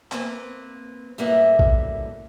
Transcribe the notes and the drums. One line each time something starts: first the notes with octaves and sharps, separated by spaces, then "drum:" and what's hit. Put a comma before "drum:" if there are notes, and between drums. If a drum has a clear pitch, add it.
A#3 C4 B4, drum: clap
F#2 A2 G3 A#3 B4 E5
drum: kick A#1